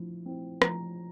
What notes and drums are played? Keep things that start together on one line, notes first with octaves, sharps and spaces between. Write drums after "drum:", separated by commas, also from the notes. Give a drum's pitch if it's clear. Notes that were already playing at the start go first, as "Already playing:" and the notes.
Already playing: F3 E4
C4 E4
F3 A#5, drum: rim click